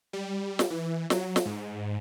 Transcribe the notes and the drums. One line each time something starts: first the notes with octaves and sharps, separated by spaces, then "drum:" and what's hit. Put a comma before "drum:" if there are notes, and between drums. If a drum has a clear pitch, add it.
G3
drum: snare
E3
F#3, drum: snare
drum: snare
G#2